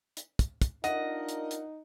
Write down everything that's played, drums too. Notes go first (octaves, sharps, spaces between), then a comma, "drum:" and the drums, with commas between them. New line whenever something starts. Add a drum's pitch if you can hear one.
drum: hi-hat
drum: kick, hi-hat
drum: kick, hi-hat
D4 D#4 F4 A#4 D#5 F#5, drum: hi-hat
drum: hi-hat
drum: hi-hat